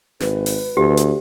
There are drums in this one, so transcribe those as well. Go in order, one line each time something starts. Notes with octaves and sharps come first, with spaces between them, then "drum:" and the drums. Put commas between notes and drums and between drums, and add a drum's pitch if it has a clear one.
G#1 B4, drum: snare
drum: open hi-hat
D2 G4
drum: hi-hat